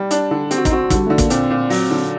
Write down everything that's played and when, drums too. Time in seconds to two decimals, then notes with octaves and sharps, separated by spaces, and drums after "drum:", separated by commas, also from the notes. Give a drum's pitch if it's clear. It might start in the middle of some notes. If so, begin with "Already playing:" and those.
Already playing: G3 G4
0.11 D4, drum: hi-hat
0.31 D3
0.51 C4 G4, drum: hi-hat
0.58 F#4
0.65 D#4, drum: kick, hi-hat
0.70 C4 F#4
0.90 D3 G3, drum: kick, hi-hat
1.07 D3 A3
1.18 A#3, drum: kick, hi-hat
1.30 A#2 C4, drum: hi-hat
1.50 A#2
1.70 F#3, drum: open hi-hat
1.91 D3